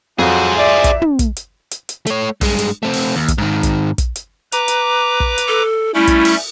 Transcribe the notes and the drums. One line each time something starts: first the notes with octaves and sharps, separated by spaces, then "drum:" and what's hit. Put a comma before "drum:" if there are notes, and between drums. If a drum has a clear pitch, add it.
F2 F#3 G#4 C5
D5 E5
drum: kick, hi-hat
drum: tom
drum: kick, hi-hat
drum: hi-hat
drum: hi-hat
drum: hi-hat
A3 C#5, drum: hi-hat
G2 G#3, drum: kick, open hi-hat
drum: hi-hat
A3 C4
drum: open hi-hat
D#2
drum: kick, hi-hat
G#2 D#3
drum: kick, hi-hat
drum: kick, hi-hat
drum: hi-hat
B4 A#5 D6, drum: hi-hat
drum: hi-hat
drum: kick
drum: hi-hat
A4
G3 A3 C#4 E4
drum: kick, hi-hat
drum: open hi-hat